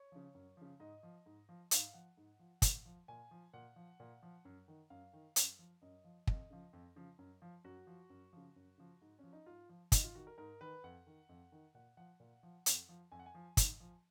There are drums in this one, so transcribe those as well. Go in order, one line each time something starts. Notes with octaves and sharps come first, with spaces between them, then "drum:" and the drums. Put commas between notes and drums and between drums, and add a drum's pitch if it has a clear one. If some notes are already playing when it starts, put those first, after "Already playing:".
Already playing: C#5
C#3 F3
F#2
C#3 F3
G#2 D#5
F3
G#2
F3
G#2 F5, drum: hi-hat
F3 F#5
G#2
F3
A#2, drum: kick, hi-hat
F3
A#2 G#5
F3
A#2 F#5
F3
A#2
F3
F#2
D#3
F#2 F5
D#3
F#2, drum: hi-hat
F3
F#2 D#5
F3
F2 D#5, drum: kick
C#3 F3
F2
C#3 F3
F#2
F3
F#2 F#4
F3
F#2
C#3 F3
F#2
C#3 F3
G#2
F3 C#4
D#4
G#2 F4
F3
G#2 D#4, drum: kick, hi-hat
F4
D#3 F#4
A#4
G#2 A#4
D#3 B4
F2 F#5
D#3
F2
D#3
A#2 F#5
F3 F#5
A#2
F3
F2, drum: hi-hat
F3
F2 G#5
F#5
G#5
F3
G#2, drum: kick, hi-hat
F3